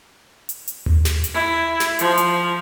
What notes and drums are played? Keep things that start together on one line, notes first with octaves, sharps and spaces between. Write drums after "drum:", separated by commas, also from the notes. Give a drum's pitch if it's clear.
drum: hi-hat
drum: hi-hat
drum: tom D#2
drum: snare
drum: hi-hat
E4
drum: snare
F3, drum: hi-hat
drum: hi-hat